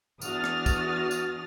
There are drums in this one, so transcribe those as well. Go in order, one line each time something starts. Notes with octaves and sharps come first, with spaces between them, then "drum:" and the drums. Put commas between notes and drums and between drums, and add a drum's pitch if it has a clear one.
E2 D4 F#4 D#6 F6 A6, drum: tambourine
drum: rim click
drum: kick, tambourine
drum: tambourine